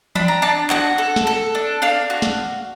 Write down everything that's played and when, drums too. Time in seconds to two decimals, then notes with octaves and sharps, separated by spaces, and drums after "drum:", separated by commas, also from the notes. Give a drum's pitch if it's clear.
0.15 D4 B5, drum: tom E3
0.28 A#5
0.42 D4 A5
0.70 F#4 F#5, drum: clap
0.98 A4
1.16 drum: snare
1.27 A4
1.55 D4
1.82 D4 F5
2.10 F#4
2.22 drum: snare